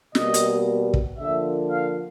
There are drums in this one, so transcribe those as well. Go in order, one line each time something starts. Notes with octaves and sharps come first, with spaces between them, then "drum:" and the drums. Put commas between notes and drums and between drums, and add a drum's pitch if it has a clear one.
B2 G3 A#3 D#5, drum: snare
drum: hi-hat
drum: kick
D3 F3 A#3 E5
F5